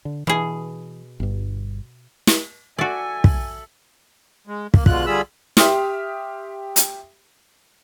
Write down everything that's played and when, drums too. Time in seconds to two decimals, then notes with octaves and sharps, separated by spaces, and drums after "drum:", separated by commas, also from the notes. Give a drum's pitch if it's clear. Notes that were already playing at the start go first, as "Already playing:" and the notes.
0.05 D3
0.27 B2 E3 G#4
1.20 G1 G2
2.27 drum: snare
2.78 F#4 A4 D5 E5 G#5
3.24 drum: kick
4.47 G#3
4.74 A#3, drum: kick
4.86 B2 D3 G#3 F4 F#6, drum: kick
5.06 D3 G3 F4 G#4 B5 E6
5.57 G4 E5 C6 D#6 F6, drum: snare
6.76 drum: hi-hat